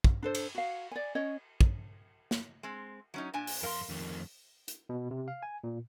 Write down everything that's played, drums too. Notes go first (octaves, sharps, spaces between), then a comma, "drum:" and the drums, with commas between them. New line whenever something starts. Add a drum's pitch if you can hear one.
drum: kick
D4 A4 C5
drum: cymbal
F#4 F5
D5 G#5
C#4 C#5 D#5
drum: kick
drum: snare
G#3 C4
F#3 C#4 D#4
A#2 D4 G#5
drum: open hi-hat
F2 A#4 F5 C6
F2 D#3
drum: hi-hat
B2
C3
F5
G#5
A#2